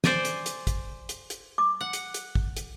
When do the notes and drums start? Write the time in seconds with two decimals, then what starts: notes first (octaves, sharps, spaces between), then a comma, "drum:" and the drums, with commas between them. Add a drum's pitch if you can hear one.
0.04 C5 D5 G#5, drum: snare
0.25 drum: hi-hat
0.46 drum: hi-hat
0.67 drum: kick, hi-hat
1.09 drum: hi-hat
1.30 drum: hi-hat
1.58 D6
1.81 F#5
1.93 drum: hi-hat
2.14 drum: hi-hat
2.35 drum: kick
2.57 drum: hi-hat